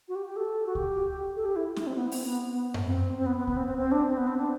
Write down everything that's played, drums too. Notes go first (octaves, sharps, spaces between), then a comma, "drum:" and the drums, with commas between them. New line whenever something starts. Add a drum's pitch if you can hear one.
F#4
G4
G4
A4
F#4
G4, drum: kick C#2
A4
G4
E4
E4, drum: snare
C4
B3
C4, drum: open hi-hat
B3
B3
drum: tom F#2
C4
C4
B3
B3
B3, drum: kick C#2
C4
C4
C4
D4
C4
B3
C4
D4